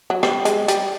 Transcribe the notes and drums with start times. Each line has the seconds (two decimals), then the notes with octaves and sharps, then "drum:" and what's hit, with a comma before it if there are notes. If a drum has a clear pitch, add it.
0.10 F#3
0.23 G3, drum: rim click
0.45 G#3, drum: hi-hat
0.68 G3, drum: hi-hat